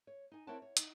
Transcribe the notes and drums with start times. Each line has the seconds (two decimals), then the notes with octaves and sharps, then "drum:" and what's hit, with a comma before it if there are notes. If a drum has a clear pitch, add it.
0.07 C#5
0.32 D#4 G#5
0.47 C4 E4 A#4 C#5 F#5 A5
0.62 C#5
0.77 D#4, drum: hi-hat